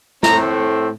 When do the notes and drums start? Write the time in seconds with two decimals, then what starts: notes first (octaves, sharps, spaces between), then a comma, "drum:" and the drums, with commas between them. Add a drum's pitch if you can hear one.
0.23 A2 A3 C4 A#5, drum: snare